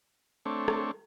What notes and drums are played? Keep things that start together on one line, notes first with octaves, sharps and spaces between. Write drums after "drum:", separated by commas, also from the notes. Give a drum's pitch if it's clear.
A3 C4 D4 C#5
drum: rim click